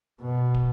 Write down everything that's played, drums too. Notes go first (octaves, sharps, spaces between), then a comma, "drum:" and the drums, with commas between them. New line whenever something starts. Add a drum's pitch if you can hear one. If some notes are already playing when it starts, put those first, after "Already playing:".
B2
drum: kick